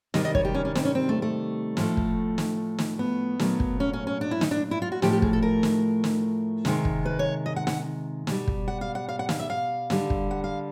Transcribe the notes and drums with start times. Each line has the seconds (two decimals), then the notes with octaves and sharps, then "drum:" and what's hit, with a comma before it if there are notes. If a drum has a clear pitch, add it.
0.14 C3 D#3 G3 D#5, drum: snare
0.25 D#5
0.35 C#5, drum: kick
0.45 G4
0.54 C#4
0.65 C#4
0.75 C4, drum: snare
0.85 C#4
0.95 C4
1.09 A3
1.22 A3
1.77 A2 F3 A3, drum: snare
1.97 drum: kick
2.38 drum: snare
2.78 drum: snare
2.99 B3
3.39 A#2 F#3 A3, drum: snare
3.60 drum: kick
3.80 C#4
3.93 C#4
4.07 C#4
4.21 D4
4.31 E4
4.41 D#4, drum: snare
4.51 D4
4.71 E4
4.82 F4
4.92 F#4
5.02 A2 F3 A3 G4, drum: snare
5.13 G4
5.22 G#4, drum: kick
5.33 A4
5.42 A#4
5.63 drum: snare
6.04 drum: snare
6.65 C3 D#3 G#3, drum: snare
6.85 drum: kick
7.05 B4
7.19 C#5
7.46 D#5
7.56 F#5
7.67 F#5, drum: snare
8.27 B2 G3, drum: snare
8.48 drum: kick
8.68 F#5
8.81 F5
8.95 F#5
9.09 F5
9.19 F#5
9.29 F5, drum: snare
9.40 E5
9.50 F5
9.90 D3 G3, drum: snare
10.10 drum: kick
10.31 F#5
10.44 F5